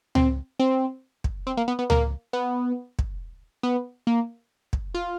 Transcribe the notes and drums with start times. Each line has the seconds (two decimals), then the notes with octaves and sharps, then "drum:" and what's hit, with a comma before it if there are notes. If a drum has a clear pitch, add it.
0.15 C4, drum: tom C#2
0.60 C4
1.24 drum: kick
1.47 C4
1.57 A#3
1.68 B3
1.79 B3
1.90 A#3, drum: tom C#2
2.33 B3
2.99 drum: kick
3.63 B3
4.07 A#3
4.73 drum: kick
4.94 F4